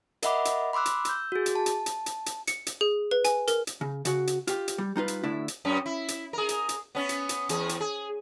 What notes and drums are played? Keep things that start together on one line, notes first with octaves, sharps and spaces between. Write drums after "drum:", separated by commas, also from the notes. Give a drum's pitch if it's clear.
A#4 D#5 E5 F#5 B5 D6, drum: hi-hat
drum: hi-hat
B5 C6 D6 E6 F#6
drum: hi-hat
E6 G6, drum: hi-hat
F#4 G#4
drum: hi-hat
A5
drum: hi-hat
drum: hi-hat
drum: hi-hat
drum: hi-hat
C#7, drum: hi-hat
drum: hi-hat
G#4
B4
G#5, drum: hi-hat
A#4, drum: hi-hat
drum: hi-hat
C#3
C#3 F#4, drum: hi-hat
drum: hi-hat
F4 G4, drum: hi-hat
drum: hi-hat
G3
G3 D#4 F4 B4
drum: hi-hat
D2 A2 D4 E4 E5
drum: hi-hat
F#2 C#4
E4
drum: hi-hat
G#4 A#4
drum: hi-hat
drum: hi-hat
B3 C#4
drum: hi-hat
drum: hi-hat
E2 G#4, drum: hi-hat
drum: hi-hat
G#4